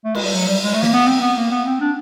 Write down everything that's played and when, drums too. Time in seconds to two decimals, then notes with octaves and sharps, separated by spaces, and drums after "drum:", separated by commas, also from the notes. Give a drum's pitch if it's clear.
0.05 A3
0.15 G#3, drum: cymbal
0.24 G3
0.34 F#3
0.48 G3
0.64 G#3
0.74 A3
0.83 A#3, drum: snare
0.93 B3
1.07 C4
1.22 B3
1.37 A#3
1.51 B3
1.67 C4
1.81 D4